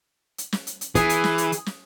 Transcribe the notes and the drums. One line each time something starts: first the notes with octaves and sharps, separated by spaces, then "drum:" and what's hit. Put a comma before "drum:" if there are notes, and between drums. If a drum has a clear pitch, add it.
drum: hi-hat
drum: snare
drum: hi-hat
drum: hi-hat
E3 G#4, drum: kick, hi-hat
drum: hi-hat
drum: snare
drum: hi-hat
drum: hi-hat
drum: snare